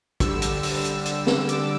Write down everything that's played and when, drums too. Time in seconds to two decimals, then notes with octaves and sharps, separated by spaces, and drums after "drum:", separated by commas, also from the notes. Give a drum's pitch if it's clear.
0.20 D3 G3 E6, drum: kick, hi-hat
0.42 drum: hi-hat
0.63 drum: open hi-hat
0.84 drum: hi-hat
1.05 drum: hi-hat
1.27 drum: snare
1.49 D6, drum: hi-hat